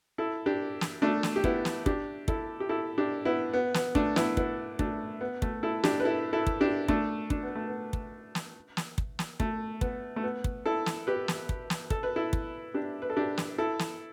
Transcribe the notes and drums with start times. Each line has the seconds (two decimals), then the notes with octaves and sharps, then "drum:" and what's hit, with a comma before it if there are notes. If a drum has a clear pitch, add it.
0.18 E4 A4
0.46 D4 G4
0.81 drum: snare
1.02 A3 D4
1.23 drum: snare
1.36 G4
1.44 B3 E4, drum: kick
1.65 drum: snare
1.86 D4 G4, drum: kick
2.28 E4 A4, drum: kick
2.60 G4
2.69 E4 A4
2.98 D4 G4
3.25 B3 E4
3.54 B3
3.74 B3, drum: snare
3.95 A3 D4, drum: kick
4.16 B3 E4, drum: snare
4.37 B3 E4, drum: kick
4.79 A3 D4, drum: kick
5.21 B3
5.42 A3, drum: kick
5.63 E4 A4
5.83 D4 G4, drum: snare
6.00 B4
6.04 E4 A4
6.33 E4 A4
6.47 drum: kick
6.61 D4 G4
6.88 A3 D4, drum: kick
7.30 D4, drum: kick
7.43 B3
7.55 A3
7.67 B3
7.93 drum: kick
8.35 drum: snare
8.77 drum: snare
8.98 drum: kick
9.19 drum: snare
9.40 A3, drum: kick
9.81 B3, drum: kick
10.16 A3
10.23 B3
10.44 drum: kick
10.66 E4 A4
10.86 drum: snare
11.07 G4 B4
11.28 drum: snare
11.49 drum: kick
11.70 drum: snare
11.90 A4, drum: kick
12.03 B4
12.16 E4 A4
12.33 drum: kick
12.74 D4 G4
13.02 B4
13.10 A4
13.17 D4 G4
13.38 drum: snare
13.58 E4 A4
13.79 drum: snare